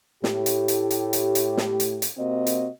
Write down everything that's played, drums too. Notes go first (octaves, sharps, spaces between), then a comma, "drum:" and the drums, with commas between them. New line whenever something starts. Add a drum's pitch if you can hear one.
A2 G4, drum: snare
drum: hi-hat
drum: hi-hat
drum: hi-hat
drum: hi-hat
drum: hi-hat
drum: snare
drum: hi-hat
drum: hi-hat
C3 A#3 C4 F#4 D#5
drum: hi-hat